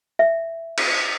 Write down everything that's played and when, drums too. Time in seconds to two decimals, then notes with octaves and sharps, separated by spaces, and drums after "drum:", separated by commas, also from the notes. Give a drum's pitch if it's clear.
0.19 E5
0.78 drum: cymbal